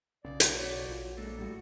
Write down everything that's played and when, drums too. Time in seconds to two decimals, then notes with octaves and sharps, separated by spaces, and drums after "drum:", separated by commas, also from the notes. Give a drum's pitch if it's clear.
0.25 B1 C#3 D5
0.40 drum: hi-hat
0.53 F#4 C#5
0.88 A#1 F4
1.17 G#3 A#3 D4 A4
1.38 A2 G3 F#4